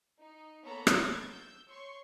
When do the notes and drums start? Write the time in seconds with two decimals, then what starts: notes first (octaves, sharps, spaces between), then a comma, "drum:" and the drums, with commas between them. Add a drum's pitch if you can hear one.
0.18 D#4
0.63 A#3 B3 A4 C#5 A#5 B5
0.87 drum: rim click
0.98 G#6 A6
1.31 E6 G6
1.69 C#5 C6 C#6